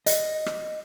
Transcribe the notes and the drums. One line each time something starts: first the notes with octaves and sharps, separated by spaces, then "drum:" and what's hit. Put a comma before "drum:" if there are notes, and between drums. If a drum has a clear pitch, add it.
D#5, drum: hi-hat
drum: rim click